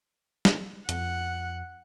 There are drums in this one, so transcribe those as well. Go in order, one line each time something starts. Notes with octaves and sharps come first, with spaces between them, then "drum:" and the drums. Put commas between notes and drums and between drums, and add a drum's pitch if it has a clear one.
drum: snare
F2 F#5, drum: hi-hat